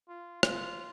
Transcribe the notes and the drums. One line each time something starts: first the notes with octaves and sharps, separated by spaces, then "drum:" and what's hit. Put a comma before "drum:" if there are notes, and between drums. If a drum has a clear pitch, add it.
F4
F4, drum: rim click